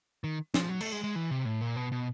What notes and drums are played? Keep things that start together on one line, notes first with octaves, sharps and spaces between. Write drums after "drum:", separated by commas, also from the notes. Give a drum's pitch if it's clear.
D#3
F3, drum: snare
F#3
A3, drum: cymbal
G#3
G#3
E3
C3
A2
A#2
B2
B2